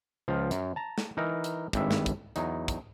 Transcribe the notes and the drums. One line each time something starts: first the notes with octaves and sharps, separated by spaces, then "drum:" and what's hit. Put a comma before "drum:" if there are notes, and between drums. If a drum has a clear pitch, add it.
C#2 F3 F5
F#2, drum: hi-hat
A5 A#5
drum: snare
E3 D#4 A#4
drum: hi-hat
G#1 G2 E5, drum: kick, hi-hat
drum: snare
drum: kick, hi-hat
E2 F#3 D#4, drum: hi-hat
drum: kick, hi-hat